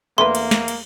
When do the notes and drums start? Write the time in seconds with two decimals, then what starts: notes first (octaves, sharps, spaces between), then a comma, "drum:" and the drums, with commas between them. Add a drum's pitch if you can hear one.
0.18 E2 A3 A#3 D4 B4 C6
0.35 drum: cymbal
0.51 drum: snare
0.68 drum: cymbal